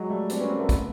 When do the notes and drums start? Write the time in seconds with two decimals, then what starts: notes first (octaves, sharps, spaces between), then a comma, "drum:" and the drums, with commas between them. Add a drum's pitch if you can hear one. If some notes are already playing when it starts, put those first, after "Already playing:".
Already playing: F#3 G#3
0.10 G3 A3
0.29 C4 D4, drum: hi-hat
0.40 B3 C#4
0.49 A#3 C4
0.59 A3 B3
0.69 drum: kick, hi-hat